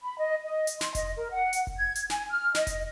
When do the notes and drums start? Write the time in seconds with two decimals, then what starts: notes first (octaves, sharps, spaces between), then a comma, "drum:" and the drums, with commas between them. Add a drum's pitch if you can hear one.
0.01 B5
0.19 D#5
0.44 D#5
0.67 drum: hi-hat
0.81 C6, drum: snare
0.95 D#5, drum: kick F1, hi-hat
1.17 A#4
1.31 F#5
1.53 drum: hi-hat
1.67 drum: kick F1
1.77 G#6
1.95 drum: hi-hat
2.10 G#5, drum: snare
2.30 F6
2.55 D#5, drum: snare
2.67 drum: kick F1, hi-hat